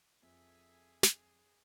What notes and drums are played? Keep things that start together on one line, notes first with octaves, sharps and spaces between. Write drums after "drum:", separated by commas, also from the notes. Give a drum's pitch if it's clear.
F2 G#4 A4 E5 G#5
drum: snare